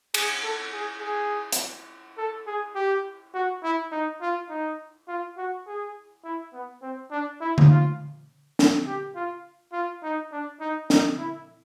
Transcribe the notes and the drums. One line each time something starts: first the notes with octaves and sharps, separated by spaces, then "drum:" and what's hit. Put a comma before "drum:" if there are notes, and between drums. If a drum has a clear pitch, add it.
G#4, drum: cymbal
A4
G#4
G#4
drum: hi-hat
A4
G#4
G4
F#4
E4
D#4
F4
D#4
F4
F#4
G#4
E4
B3
C4
D4
E4
drum: tom D3
F4
drum: snare
G4
F4
F4
D#4
D4
D#4
D#4, drum: snare
E4